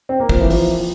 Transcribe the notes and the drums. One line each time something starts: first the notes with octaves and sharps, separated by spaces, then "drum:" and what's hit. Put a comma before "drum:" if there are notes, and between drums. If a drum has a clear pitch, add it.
C4
A#3
F3, drum: kick
E3
F3, drum: open hi-hat